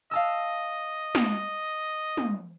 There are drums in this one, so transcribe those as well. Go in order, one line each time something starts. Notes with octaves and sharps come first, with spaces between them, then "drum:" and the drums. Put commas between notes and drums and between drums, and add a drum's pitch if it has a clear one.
D#5 F5 A5 E6
drum: snare
drum: tom